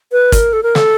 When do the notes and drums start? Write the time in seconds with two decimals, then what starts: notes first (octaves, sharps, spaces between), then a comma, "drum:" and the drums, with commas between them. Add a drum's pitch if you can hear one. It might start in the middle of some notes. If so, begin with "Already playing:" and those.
0.12 B4
0.32 A#4, drum: kick, hi-hat
0.53 A4
0.63 A#4
0.75 A4, drum: snare